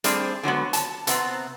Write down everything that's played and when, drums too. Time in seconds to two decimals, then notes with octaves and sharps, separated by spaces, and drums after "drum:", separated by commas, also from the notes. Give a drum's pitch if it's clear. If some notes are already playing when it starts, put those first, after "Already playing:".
0.04 G3 A3 C4 D4 G#4 C5, drum: hi-hat
0.43 D3 F#3 G#3 B3
0.73 A5, drum: hi-hat
1.07 C3 B3 C4, drum: hi-hat